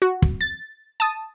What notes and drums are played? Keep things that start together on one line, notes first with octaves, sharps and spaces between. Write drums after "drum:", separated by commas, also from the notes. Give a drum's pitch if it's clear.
F#4
drum: kick
A6
A5 D#6